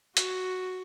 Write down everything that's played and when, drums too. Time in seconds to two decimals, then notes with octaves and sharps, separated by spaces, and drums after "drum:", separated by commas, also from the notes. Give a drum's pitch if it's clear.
0.17 F#4, drum: hi-hat